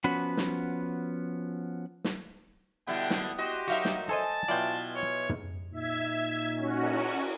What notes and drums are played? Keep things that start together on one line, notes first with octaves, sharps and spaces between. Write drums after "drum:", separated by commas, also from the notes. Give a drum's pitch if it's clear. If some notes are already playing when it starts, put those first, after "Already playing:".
F3 B3 C#4 F#4 B5
drum: snare
drum: snare
B2 D3 G3 B3 E4 G5
drum: snare
F#4 G4 D#5 C6
F#2 D#4 F#4 E5 F5
drum: snare
A4 C5 D#5 G#5 A5
B2 F#3 E4 F4 D5 G5
C#5
drum: tom
A#2 D#4 E5 G#6
C#4 F#4
drum: cymbal